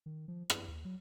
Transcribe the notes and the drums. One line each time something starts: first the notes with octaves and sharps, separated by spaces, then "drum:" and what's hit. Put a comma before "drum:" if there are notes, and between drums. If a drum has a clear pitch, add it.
D#3
F3
F#2, drum: rim click
D#2
F#3